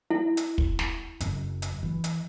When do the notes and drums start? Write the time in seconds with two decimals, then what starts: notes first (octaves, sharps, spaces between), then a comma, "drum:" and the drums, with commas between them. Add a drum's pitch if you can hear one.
0.10 E4
0.37 drum: hi-hat
0.58 drum: kick
0.79 drum: snare
1.20 F#1 F#2, drum: hi-hat
1.62 drum: hi-hat
1.83 E3
2.04 drum: hi-hat